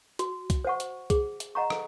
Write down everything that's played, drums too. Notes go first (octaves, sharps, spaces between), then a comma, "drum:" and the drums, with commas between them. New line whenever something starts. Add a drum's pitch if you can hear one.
F#4, drum: hi-hat
drum: kick C2, hi-hat
C5 F#5 C#6
drum: hi-hat
G#4, drum: kick C2, hi-hat
drum: hi-hat
D#5 F#5 A#5 C#6
drum: rim click